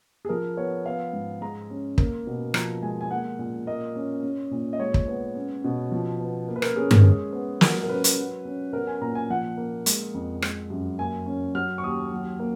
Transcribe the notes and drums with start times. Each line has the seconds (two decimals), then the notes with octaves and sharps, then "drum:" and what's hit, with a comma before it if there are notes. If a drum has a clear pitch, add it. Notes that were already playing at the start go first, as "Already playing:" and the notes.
0.25 G#4
0.29 F3 A#4
0.57 B3 C#5
0.85 B3 F5
1.13 G#2
1.41 G#3 A#5
1.70 C#4
1.98 A#3, drum: kick
2.27 B2
2.54 F3 A#5, drum: rim click
2.83 G#3 G#5
3.01 G#5
3.11 A#3 F#5
3.39 A#2
3.67 A#3 D#5
3.96 C#4
4.23 C#4
4.51 A#2
4.73 D#5
4.79 G#3 C#5
4.94 drum: kick
5.08 B3
5.35 C#4
5.64 B2
5.92 F3
6.20 B3
6.48 A#3
6.56 B4
6.62 A#4, drum: rim click
6.76 C#4 G#4
6.91 A#4, drum: tom G2
7.05 G#3 G#4
7.33 B3
7.61 F#3 A#4, drum: snare
7.83 A#4
7.89 C#4 B4
8.04 drum: hi-hat
8.18 F#3
8.45 C#4
8.73 B3 A#4
8.87 G#5
9.01 A#2 A#5
9.15 G#5
9.30 F3 F#5
9.57 A#3
9.86 G#3, drum: hi-hat
10.14 F2
10.42 G#3, drum: rim click
10.70 F#2
10.99 A#3 G#5
11.26 C#4
11.54 F#3 F6
11.78 C#6
11.83 D#2 D#6
12.12 F#3
12.39 A#3